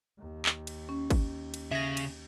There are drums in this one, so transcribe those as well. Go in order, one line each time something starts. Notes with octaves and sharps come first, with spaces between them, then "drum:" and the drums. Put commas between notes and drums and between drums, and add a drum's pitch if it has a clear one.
D#2
drum: clap
drum: cymbal
C#4
drum: kick, cymbal
drum: cymbal
C#3 E5 A#6
drum: cymbal